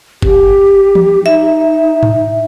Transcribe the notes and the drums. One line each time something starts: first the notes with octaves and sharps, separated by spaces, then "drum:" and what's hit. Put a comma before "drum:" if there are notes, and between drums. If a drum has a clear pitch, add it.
G4, drum: kick F#1
drum: tom E3
D#4 E5
drum: tom G#2